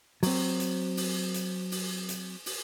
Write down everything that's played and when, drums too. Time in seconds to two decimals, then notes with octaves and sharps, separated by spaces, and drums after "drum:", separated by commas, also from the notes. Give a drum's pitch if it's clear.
0.23 F#3 C4, drum: open hi-hat
0.60 drum: hi-hat
0.97 drum: open hi-hat
1.34 drum: hi-hat
1.71 drum: open hi-hat
2.09 drum: hi-hat
2.46 drum: open hi-hat